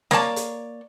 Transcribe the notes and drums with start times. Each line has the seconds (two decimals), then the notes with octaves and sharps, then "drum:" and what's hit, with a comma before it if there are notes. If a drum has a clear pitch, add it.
0.11 A#3 C#5 D5 A5, drum: snare
0.36 drum: hi-hat